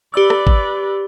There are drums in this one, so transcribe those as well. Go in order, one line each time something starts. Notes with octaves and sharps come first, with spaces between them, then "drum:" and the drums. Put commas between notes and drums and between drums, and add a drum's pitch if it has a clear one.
G4 B4 D5 E6
drum: rim click
drum: kick G#1